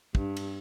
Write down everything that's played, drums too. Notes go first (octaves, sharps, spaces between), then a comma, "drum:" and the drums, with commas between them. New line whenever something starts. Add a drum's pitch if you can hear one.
G2, drum: kick
drum: cymbal